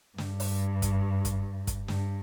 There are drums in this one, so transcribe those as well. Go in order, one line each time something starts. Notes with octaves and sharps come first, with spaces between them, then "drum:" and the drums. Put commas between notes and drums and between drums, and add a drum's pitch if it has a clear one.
G2, drum: snare
drum: open hi-hat
drum: kick, hi-hat
drum: kick, hi-hat
drum: kick, hi-hat
G2, drum: snare